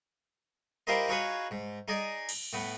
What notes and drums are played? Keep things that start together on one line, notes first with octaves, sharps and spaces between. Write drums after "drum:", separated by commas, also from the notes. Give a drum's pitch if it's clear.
E4 F4 G4 A#4 C5 D#5
D#4 F4 F#4 G#4 B4 C#5
G#2
D#4 G#4 D5 D#5
drum: cymbal
A2 B3